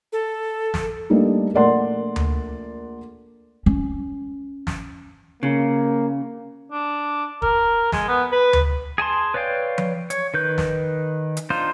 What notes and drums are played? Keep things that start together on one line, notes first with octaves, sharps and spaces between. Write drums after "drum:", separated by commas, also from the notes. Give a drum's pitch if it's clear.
A4
drum: snare
G3 A3 A#3 D4 D#4
A#1 A3 A#4 D5 F#5 C6
drum: tom D2
C#4
drum: snare
C#3 A#3
D4
A#4, drum: kick
G#3, drum: snare
B3
B4
drum: tom D2
G#4 G#5 A5 C6
B4 C#5 D5 F5 G5
drum: tom F3
C#5, drum: hi-hat
D#3 B4 G6
drum: snare
drum: hi-hat
D4 D#4 F4 C5